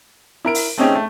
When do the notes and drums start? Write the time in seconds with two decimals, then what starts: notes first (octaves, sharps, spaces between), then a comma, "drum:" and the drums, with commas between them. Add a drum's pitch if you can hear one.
0.45 E4 A#4 D7
0.55 drum: open hi-hat
0.78 A3 C4 C#4 D#4 G4 G#4
0.96 A3